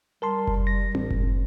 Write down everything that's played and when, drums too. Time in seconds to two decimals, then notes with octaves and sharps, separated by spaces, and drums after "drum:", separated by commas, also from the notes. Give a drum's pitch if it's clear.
0.22 G3 A#4 A5 C6
0.47 drum: kick F#1
0.67 A#6
0.95 A1, drum: tom C4
1.11 drum: kick F#1